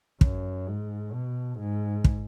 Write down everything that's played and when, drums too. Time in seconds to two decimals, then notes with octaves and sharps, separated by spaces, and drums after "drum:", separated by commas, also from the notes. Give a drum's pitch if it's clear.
0.21 F#2, drum: kick
0.67 G#2
1.13 B2
1.59 G#2
2.04 drum: kick